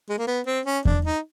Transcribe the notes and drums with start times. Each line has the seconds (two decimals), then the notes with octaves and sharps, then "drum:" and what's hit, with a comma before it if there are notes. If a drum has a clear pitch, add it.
0.09 G#3
0.19 A#3
0.27 B3
0.46 C4
0.66 C#4
0.85 D4, drum: kick E2
1.05 D#4